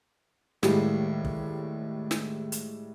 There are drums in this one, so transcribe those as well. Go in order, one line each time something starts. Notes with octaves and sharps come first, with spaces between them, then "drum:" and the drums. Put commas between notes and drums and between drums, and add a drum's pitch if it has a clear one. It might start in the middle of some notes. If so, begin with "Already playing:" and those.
D#2 A2 G3 G#3, drum: snare
drum: kick
drum: snare
drum: hi-hat